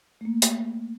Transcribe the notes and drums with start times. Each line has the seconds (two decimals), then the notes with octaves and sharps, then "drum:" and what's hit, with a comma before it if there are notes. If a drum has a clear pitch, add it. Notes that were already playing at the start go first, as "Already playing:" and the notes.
0.21 A3 A#3
0.42 drum: hi-hat